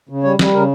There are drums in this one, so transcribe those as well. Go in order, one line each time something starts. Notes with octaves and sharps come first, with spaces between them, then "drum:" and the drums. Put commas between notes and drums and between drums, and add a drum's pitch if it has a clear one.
C#3
G3 C#5
G3, drum: snare
C#3 A#4